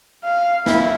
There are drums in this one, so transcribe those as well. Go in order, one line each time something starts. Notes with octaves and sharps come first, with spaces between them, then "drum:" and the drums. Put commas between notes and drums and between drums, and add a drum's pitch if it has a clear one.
F5
E4, drum: snare